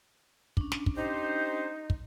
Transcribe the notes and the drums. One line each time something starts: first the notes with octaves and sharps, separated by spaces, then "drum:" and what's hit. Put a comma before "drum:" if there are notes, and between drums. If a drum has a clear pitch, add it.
C#4 D4, drum: kick
drum: snare
drum: kick
D#4 G4 C5
drum: kick